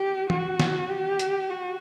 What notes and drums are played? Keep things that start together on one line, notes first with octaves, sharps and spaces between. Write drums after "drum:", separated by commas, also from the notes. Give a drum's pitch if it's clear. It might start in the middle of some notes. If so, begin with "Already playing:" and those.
Already playing: G4
F#4, drum: tom E3
drum: snare
G4
drum: hi-hat
F#4